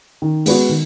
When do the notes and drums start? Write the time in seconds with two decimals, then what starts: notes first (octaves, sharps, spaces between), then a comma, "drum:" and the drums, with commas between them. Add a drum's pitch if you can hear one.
0.22 D#3
0.46 G#3 B3 F#4, drum: open hi-hat
0.69 D#3